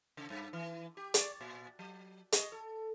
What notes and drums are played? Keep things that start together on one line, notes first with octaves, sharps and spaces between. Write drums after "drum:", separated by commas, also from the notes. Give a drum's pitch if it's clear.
C#3
G2
E3
G4
D5, drum: hi-hat
A#2
F#3
D#5, drum: hi-hat
A4